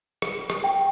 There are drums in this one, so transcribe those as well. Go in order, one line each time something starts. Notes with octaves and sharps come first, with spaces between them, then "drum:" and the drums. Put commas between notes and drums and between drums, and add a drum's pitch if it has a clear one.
drum: rim click
drum: rim click
G5